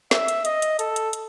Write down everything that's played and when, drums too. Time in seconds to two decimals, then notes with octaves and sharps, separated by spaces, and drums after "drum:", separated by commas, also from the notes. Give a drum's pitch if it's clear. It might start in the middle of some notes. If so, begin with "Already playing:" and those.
0.11 E5, drum: snare
0.28 drum: hi-hat
0.45 D#5, drum: hi-hat
0.62 drum: hi-hat
0.79 A4, drum: hi-hat
0.96 drum: hi-hat
1.13 drum: hi-hat